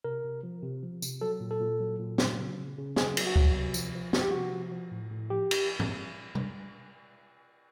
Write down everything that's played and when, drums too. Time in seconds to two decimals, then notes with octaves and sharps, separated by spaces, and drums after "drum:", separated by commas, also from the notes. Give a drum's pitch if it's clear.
0.04 C3 A#4
0.24 C3
0.43 F3
0.62 C3
0.83 F3
1.02 C3, drum: tambourine
1.21 F#3 A4
1.40 A#2
1.51 A4
1.60 A#2
1.80 F#3
1.99 A#2
2.18 F#3, drum: snare
2.38 C#3
2.57 C#3
2.78 C#3
2.96 F#3 G#4, drum: snare
3.17 F#3, drum: cymbal
3.26 F#4
3.36 F#3, drum: kick C#2
3.56 C3
3.74 F3, drum: tambourine
3.95 F3
4.13 F3 F#4, drum: snare
4.22 G4
4.31 C3 F#4
4.53 F3
4.72 F3
4.92 A2
5.11 A2
5.30 F3 G4
5.51 drum: cymbal
5.79 drum: tom G#2
6.35 drum: tom C3